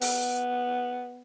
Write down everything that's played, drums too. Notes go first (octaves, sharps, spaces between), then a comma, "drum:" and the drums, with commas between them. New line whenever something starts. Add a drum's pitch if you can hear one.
B3, drum: open hi-hat